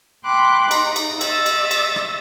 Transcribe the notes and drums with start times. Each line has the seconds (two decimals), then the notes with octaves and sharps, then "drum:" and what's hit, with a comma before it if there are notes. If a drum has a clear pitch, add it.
0.25 G5 B5 C6 D6 F#6
0.71 D#4, drum: cymbal
0.96 drum: cymbal
1.21 D#5 E5 E6 A6, drum: cymbal
1.46 drum: cymbal
1.71 drum: cymbal
1.96 drum: rim click